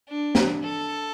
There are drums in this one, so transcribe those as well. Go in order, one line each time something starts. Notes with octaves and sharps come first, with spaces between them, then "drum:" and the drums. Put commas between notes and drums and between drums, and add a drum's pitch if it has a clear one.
D4
drum: snare
A4